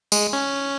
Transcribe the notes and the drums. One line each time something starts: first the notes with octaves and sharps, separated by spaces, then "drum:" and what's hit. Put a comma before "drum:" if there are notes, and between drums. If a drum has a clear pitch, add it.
G#3, drum: tambourine
C#4